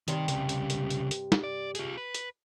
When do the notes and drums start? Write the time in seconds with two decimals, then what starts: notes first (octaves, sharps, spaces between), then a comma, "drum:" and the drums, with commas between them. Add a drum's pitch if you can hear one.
0.08 G2 C3 D#3, drum: hi-hat
0.28 C2 C#3, drum: hi-hat
0.49 drum: hi-hat
0.70 drum: hi-hat
0.90 drum: hi-hat
1.11 drum: hi-hat
1.32 drum: snare
1.44 D5
1.75 F4 G#4, drum: hi-hat
1.97 B4
2.14 drum: hi-hat